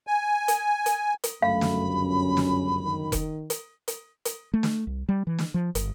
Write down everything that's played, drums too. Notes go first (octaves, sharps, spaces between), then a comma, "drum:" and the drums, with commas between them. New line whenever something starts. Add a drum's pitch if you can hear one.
G#5
drum: hi-hat
drum: hi-hat
drum: hi-hat
G1 C#2 F#2 A3 F5 B5
drum: snare
C#4
drum: snare
D#3
drum: kick F1, hi-hat
drum: hi-hat
drum: hi-hat
drum: hi-hat
A3
drum: snare
C2
G3
E3
drum: snare
F3
G1, drum: hi-hat